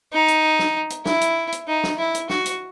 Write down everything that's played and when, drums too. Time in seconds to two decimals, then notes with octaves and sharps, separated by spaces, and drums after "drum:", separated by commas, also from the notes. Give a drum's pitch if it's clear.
0.13 D#4
0.28 drum: hi-hat
0.59 drum: snare
0.90 drum: hi-hat
1.05 E4, drum: snare
1.21 drum: hi-hat
1.52 drum: hi-hat
1.68 D#4
1.83 drum: snare
1.98 E4
2.15 drum: hi-hat
2.29 F#4, drum: snare
2.46 drum: hi-hat